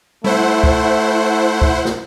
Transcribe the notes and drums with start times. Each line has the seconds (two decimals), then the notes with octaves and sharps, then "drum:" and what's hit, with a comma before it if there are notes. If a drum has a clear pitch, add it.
0.24 A3 E4 C5 F#5, drum: tom G3
0.64 drum: kick
1.62 drum: kick
1.85 drum: snare